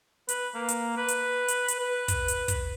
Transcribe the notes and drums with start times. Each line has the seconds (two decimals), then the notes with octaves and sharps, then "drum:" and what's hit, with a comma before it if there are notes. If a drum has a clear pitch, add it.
0.29 B4, drum: hi-hat
0.54 A#3
0.69 drum: hi-hat
0.97 B4
1.08 drum: hi-hat
1.48 drum: hi-hat
1.68 drum: hi-hat
1.79 B4
2.08 drum: kick, hi-hat
2.28 drum: hi-hat
2.48 drum: kick, hi-hat